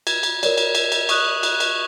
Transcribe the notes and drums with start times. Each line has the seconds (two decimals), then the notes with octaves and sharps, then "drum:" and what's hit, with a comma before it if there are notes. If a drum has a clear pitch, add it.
0.07 G#6, drum: cymbal
0.23 drum: cymbal
0.43 A#4 C#5 D5, drum: cymbal
0.57 drum: cymbal
0.75 drum: cymbal
0.92 drum: cymbal
1.09 C#6 D#6 F#6, drum: cymbal
1.43 drum: cymbal
1.60 drum: cymbal